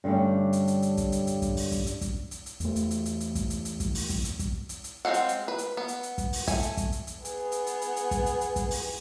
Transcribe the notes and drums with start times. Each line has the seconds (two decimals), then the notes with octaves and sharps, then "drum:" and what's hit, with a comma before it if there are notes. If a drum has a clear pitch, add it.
0.04 G2 D3 G3 A3 C#4
0.53 drum: hi-hat
0.68 drum: hi-hat
0.82 drum: hi-hat
0.97 drum: kick, hi-hat
1.12 drum: hi-hat
1.27 drum: hi-hat
1.42 drum: kick, hi-hat
1.57 drum: open hi-hat
1.72 drum: kick, hi-hat
1.87 drum: hi-hat
2.01 drum: kick, hi-hat
2.31 drum: hi-hat
2.46 drum: hi-hat
2.60 E2 A3, drum: hi-hat
2.76 drum: hi-hat
2.91 drum: hi-hat
3.05 drum: hi-hat
3.20 drum: hi-hat
3.35 drum: kick, hi-hat
3.50 drum: hi-hat
3.65 drum: hi-hat
3.80 drum: kick, hi-hat
3.95 drum: open hi-hat
4.10 drum: kick, hi-hat
4.24 drum: hi-hat
4.39 drum: kick, hi-hat
4.69 drum: hi-hat
4.84 drum: hi-hat
5.05 G#3 C4 F5 F#5
5.14 drum: hi-hat
5.29 drum: hi-hat
5.48 B4
5.58 drum: hi-hat
5.77 B3
5.88 drum: hi-hat
6.03 drum: hi-hat
6.18 drum: kick, hi-hat
6.33 drum: open hi-hat
6.48 A3 G#5, drum: kick, hi-hat
6.62 drum: hi-hat
6.77 drum: kick, hi-hat
6.92 drum: hi-hat
7.07 drum: hi-hat
7.25 B3 G#4, drum: hi-hat
7.52 drum: hi-hat
7.67 drum: hi-hat
7.81 drum: hi-hat
7.96 drum: hi-hat
8.11 drum: kick, hi-hat
8.26 drum: hi-hat
8.41 drum: hi-hat
8.56 drum: kick, hi-hat
8.71 drum: open hi-hat